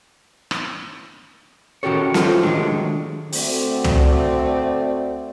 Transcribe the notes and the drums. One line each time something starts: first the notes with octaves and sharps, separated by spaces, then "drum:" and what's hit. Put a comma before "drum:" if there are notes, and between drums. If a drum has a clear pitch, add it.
drum: rim click
D#3 C#4 F#4 G4 A4 C#5
D#4 F4 G4 A4 B4 C5, drum: snare
D#3 F#3 G#3 A3 D4
D2 A3 C4 F#4 D5, drum: open hi-hat
drum: tom